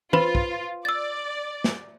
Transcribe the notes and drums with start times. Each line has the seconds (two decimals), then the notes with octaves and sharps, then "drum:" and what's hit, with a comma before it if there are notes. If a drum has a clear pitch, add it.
0.13 F4 B4 C5 B5, drum: tom
0.35 drum: kick
0.85 D5 E6 A6
1.64 drum: snare